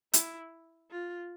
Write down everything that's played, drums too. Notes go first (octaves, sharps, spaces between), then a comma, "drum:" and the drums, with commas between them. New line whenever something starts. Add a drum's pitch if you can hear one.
E4, drum: hi-hat
F4